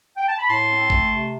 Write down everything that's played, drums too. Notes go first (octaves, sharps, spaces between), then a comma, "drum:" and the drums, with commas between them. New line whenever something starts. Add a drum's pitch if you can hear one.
G5
A5
B5
A2 A5 C6
C4
A3, drum: kick A1
C3